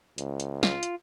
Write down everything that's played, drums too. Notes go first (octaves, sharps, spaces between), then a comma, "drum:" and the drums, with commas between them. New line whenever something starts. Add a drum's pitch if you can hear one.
C#2, drum: hi-hat
drum: hi-hat
F4, drum: snare
drum: hi-hat